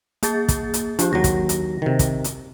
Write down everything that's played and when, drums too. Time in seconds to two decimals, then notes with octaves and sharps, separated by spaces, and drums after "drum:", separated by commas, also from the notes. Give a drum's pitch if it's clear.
0.23 A#3 G#4 A6, drum: hi-hat
0.48 drum: kick, hi-hat
0.74 drum: hi-hat
0.99 F3 D4 G4, drum: hi-hat
1.13 D#2 F#3 A#6
1.24 drum: kick, hi-hat
1.49 drum: hi-hat
1.82 C3 D#3
1.99 drum: kick, hi-hat
2.24 drum: hi-hat